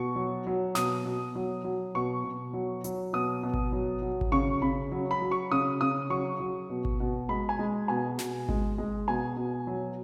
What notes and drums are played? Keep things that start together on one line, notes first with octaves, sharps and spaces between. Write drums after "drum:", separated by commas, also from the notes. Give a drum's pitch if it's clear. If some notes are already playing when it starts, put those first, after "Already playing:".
Already playing: B2 C#6
F#3
F#3
B2 D#6, drum: snare
B2
F#3
F#3
B2 C#6
B2
F#3
F#3, drum: hi-hat
B2 D#6
B2
drum: kick G#1
F#3
F#3
drum: kick G#1
C#3 C#6
C#3 B5
F#3
B5
F#3
C#6
C#3 D#6
C#3 D#6
F#3 C#6
F#3
B2
drum: kick G#1
B2
G#3 B5
G#5
G#3
B2 G#5
B2, drum: snare
G#3, drum: kick G#1
G#3
B2 G#5
B2
F#3